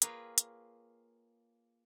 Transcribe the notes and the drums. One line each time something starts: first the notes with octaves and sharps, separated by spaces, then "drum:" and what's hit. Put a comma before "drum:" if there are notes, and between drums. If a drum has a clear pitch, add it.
A#3 F4 G#4 B4 C#5 G5, drum: hi-hat
drum: hi-hat